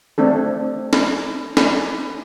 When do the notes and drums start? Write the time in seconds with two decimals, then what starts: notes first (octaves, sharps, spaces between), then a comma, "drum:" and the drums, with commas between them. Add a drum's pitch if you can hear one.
0.18 A3 C4 D4 A4
0.93 drum: snare
1.57 drum: snare